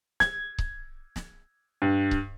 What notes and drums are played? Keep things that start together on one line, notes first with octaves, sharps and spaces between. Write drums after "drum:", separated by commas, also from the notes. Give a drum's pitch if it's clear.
G#6, drum: snare
drum: kick C#1
drum: snare
G2
drum: kick C#1